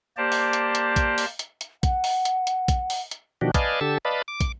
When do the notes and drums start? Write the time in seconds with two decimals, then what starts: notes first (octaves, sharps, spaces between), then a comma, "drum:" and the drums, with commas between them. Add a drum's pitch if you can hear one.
0.17 A#3 G4 C5 D5 A5
0.32 drum: open hi-hat
0.53 drum: hi-hat
0.75 drum: hi-hat
0.96 drum: kick, hi-hat
1.18 drum: open hi-hat
1.39 drum: hi-hat
1.61 drum: hi-hat
1.83 F#5, drum: kick, hi-hat
2.04 drum: open hi-hat
2.25 drum: hi-hat
2.47 drum: hi-hat
2.68 drum: kick, hi-hat
2.90 drum: open hi-hat
3.11 drum: hi-hat
3.41 B2 D#3 F3 D4 F#4 G4
3.54 B4 D5 D#5 F5 G#5 A5, drum: kick, hi-hat
3.81 D3 G4 A4 A5 E6
4.05 B4 D5 D#5 F5 A5 B5
4.28 D6
4.40 drum: kick, hi-hat